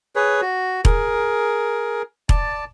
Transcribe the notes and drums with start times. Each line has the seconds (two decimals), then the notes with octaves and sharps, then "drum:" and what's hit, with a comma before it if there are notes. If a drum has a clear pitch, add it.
0.16 G#4 B4 C#5
0.42 F#4
0.85 G#4 A#4, drum: kick E1
2.29 D5 A5, drum: kick E1